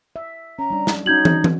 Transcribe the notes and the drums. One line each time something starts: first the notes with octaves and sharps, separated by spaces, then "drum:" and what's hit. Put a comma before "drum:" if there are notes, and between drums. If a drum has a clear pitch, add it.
E5
C#4 A#5
G3 D4
drum: snare
C#4 D#4 F#4 G6 G#6 F#7
drum: tom
drum: tom